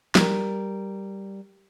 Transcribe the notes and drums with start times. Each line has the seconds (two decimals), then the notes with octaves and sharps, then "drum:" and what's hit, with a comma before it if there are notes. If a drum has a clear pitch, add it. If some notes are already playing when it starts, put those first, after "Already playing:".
0.15 G3 A#4, drum: snare